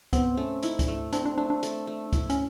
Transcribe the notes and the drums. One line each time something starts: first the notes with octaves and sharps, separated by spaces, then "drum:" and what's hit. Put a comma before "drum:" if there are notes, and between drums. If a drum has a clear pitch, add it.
B3 C4, drum: kick C#2, hi-hat
A3 C#4
D#4 E4, drum: hi-hat
D4, drum: kick C#2, hi-hat
A3
C4 D4, drum: hi-hat
D4
A3 D4
D4
A3, drum: hi-hat
A3
E4, drum: kick C#2, hi-hat
C#4, drum: hi-hat